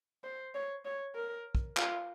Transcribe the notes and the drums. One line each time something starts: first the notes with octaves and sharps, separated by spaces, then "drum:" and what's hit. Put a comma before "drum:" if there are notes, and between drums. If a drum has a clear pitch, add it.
C5
C#5
C#5
A#4
drum: kick
F4, drum: clap